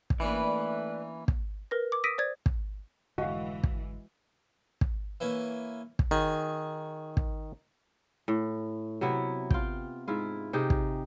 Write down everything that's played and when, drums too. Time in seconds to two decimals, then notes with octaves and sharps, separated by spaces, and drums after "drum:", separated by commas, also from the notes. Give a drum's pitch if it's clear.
0.10 drum: kick
0.20 E3 A3 A#3 C#4 D4 B4 D5
1.28 drum: kick
1.71 A#4 B4 A#6
1.92 D6
2.04 D#6 E6 A#6 B6 D7 D#7
2.18 C5 D5 G#6
2.46 drum: kick
3.18 F1 G#2 D3 E3 G#3 F#4 D#5 F5
3.63 drum: kick
4.81 drum: kick
5.20 E3 A#3 C#4
5.99 drum: kick
6.11 D#3 F#4 G#4 C#5
7.17 drum: kick
8.28 A2
9.01 C3 F#3 B3 E4
9.50 F4 G5, drum: kick
10.08 G#2 E4 F4
10.53 C3 D#4 G4 G#4
10.70 drum: kick